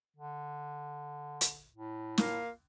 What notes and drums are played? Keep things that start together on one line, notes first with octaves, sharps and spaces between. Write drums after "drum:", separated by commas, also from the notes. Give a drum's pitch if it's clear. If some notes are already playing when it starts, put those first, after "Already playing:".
D3
drum: hi-hat
A2
A#3 F4 F5, drum: snare